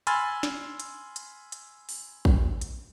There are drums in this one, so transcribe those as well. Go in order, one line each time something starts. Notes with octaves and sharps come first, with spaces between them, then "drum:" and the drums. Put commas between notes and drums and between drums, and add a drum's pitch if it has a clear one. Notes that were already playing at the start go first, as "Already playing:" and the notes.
G#5 B5 C6 E6 F6 A6, drum: hi-hat
drum: snare
drum: hi-hat
drum: hi-hat
drum: hi-hat
drum: open hi-hat
drum: kick
drum: hi-hat